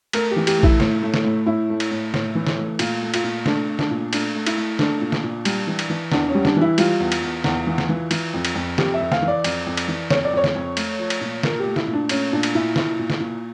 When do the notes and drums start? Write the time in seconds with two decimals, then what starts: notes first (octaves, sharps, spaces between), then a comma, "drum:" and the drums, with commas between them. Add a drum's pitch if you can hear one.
0.13 A3 A#4, drum: cymbal
0.31 G4
0.36 E3
0.47 G4, drum: cymbal
0.58 A3
0.63 E4, drum: kick A#1
0.80 A2, drum: snare
1.03 A3
1.14 drum: snare
1.24 A2
1.46 A2 E4
1.70 A3
1.80 drum: cymbal
1.91 A2
2.14 A2, drum: snare
2.35 E3
2.47 drum: snare
2.58 A3
2.79 A#2 F4, drum: cymbal
3.03 A3
3.14 F4, drum: cymbal
3.24 A#2
3.46 A3 D4, drum: snare
3.68 A3
3.79 D4, drum: snare
3.91 A#2
4.13 A3 D4, drum: cymbal
4.35 A3
4.46 E4, drum: cymbal
4.57 A3
4.79 A3 D4, drum: snare
5.01 A#2
5.12 drum: snare
5.23 A#2
5.45 G3, drum: cymbal
5.67 E3
5.79 drum: cymbal
5.90 E3
6.12 E2 D4, drum: snare
6.29 C#4
6.35 G3
6.45 D4, drum: snare
6.57 E3 E4
6.78 G3 F4, drum: cymbal
7.00 E2
7.12 drum: cymbal
7.23 E2
7.44 E2, drum: snare
7.67 E3
7.78 drum: snare
7.89 E3
8.11 E3, drum: cymbal
8.34 F2
8.45 drum: cymbal
8.56 F2
8.78 F2 G4, drum: snare
8.94 E5
9.00 F2
9.12 F5, drum: snare
9.22 E3
9.28 D5
9.44 F2, drum: cymbal
9.67 F2
9.77 drum: cymbal
9.88 E3
10.10 F2 C#5, drum: snare
10.24 D5
10.33 F2 C#5
10.44 drum: snare
10.56 F2
10.77 A3, drum: cymbal
10.99 F3
11.10 drum: cymbal
11.21 A#2
11.43 A#2 A#4, drum: snare
11.60 G4
11.66 A3
11.76 E4, drum: snare
11.87 A#2
11.93 D4
12.09 A3 C#4, drum: cymbal
12.33 A#2 D4
12.43 drum: cymbal
12.55 A#2 E4
12.76 A#2 E4, drum: snare
12.99 A#2
13.10 drum: snare
13.20 A#2